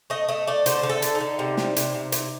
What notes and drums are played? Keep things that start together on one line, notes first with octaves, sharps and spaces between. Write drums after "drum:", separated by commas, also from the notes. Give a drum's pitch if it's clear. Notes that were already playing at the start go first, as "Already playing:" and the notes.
A3 D#5
A3 D#5
A3 D5
D3 C5, drum: hi-hat
D3
A4
D3, drum: hi-hat
D#4
D3
C3
G3, drum: snare
C3, drum: hi-hat
C3
C3, drum: hi-hat